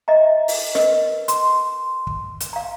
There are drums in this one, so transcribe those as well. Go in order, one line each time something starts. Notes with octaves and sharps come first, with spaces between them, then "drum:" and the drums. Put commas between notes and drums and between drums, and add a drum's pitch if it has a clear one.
D#5 E5 A#5
drum: open hi-hat
A#4 B4 D#5, drum: snare
C6, drum: hi-hat
drum: kick
drum: hi-hat
F5 A#5